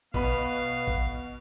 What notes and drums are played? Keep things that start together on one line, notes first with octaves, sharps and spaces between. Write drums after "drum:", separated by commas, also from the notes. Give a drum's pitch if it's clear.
B2 B3 B4 F5 B5, drum: kick A1
drum: kick A1